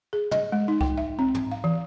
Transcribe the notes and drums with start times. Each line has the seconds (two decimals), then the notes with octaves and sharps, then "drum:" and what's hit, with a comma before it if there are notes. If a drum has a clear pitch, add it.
0.13 G#4
0.31 D#5, drum: tom
0.52 G#3
0.68 D#4
0.81 G5, drum: kick C2
0.98 E5
1.19 C4
1.34 drum: tom
1.52 F5
1.64 E3